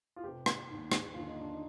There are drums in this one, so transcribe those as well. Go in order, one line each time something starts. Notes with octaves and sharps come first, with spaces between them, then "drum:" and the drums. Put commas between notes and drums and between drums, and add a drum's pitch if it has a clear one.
F4
F1 F2 C3 G4
drum: rim click
D#2 D#3
drum: rim click
D#2 D3 F3 F4
D#4
D4
D#4